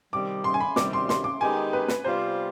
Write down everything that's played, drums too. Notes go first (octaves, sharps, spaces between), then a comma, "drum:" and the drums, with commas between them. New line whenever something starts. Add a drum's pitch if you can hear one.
C3 D#3 G3 D6
C6
G#5
B5
D2 C3 D#3 G3 D6, drum: snare
C6
C6, drum: snare
D6
D#3 G#3 B3 D#4 G4 G#5
B4
B4, drum: snare
C3 G3 B3 F4 C5